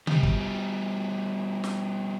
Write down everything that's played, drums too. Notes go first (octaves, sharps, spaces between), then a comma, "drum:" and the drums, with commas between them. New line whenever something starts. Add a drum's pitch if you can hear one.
B2 G3, drum: tom C3
drum: kick
drum: snare